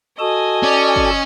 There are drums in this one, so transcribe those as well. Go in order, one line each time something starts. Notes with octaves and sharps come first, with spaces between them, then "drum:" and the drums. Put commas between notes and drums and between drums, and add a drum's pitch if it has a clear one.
F#4 A4 D#5 G#5 A5
C#4 D5
drum: kick